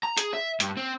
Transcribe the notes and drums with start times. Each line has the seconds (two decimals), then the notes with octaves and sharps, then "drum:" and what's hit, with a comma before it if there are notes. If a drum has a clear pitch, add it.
0.03 A#5
0.17 G#4, drum: hi-hat
0.33 E5
0.60 G2, drum: hi-hat
0.77 C4